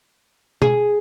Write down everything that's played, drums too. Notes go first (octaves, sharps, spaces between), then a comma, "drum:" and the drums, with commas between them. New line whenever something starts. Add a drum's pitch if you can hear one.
G#4, drum: tom B2